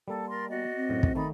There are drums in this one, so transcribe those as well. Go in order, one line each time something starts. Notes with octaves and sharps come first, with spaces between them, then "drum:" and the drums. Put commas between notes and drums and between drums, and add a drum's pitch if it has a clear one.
G3 A#3 A4 A5
A#4 D5 C6
B3 F#4 D5 D#5
C4
F#2 A2
drum: kick
D#3 A3 D#4 D5 B5